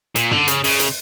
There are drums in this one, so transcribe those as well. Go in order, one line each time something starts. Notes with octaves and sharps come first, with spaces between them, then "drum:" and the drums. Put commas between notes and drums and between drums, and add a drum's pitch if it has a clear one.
A#2, drum: hi-hat
D3, drum: tom
C#3, drum: hi-hat
C#3, drum: open hi-hat
drum: hi-hat